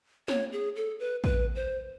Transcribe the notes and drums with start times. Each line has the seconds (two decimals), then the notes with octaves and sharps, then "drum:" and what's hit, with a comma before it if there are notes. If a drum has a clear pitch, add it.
0.28 C#5, drum: snare
0.53 G#4
0.76 A4
1.00 B4
1.24 B4, drum: kick
1.55 C5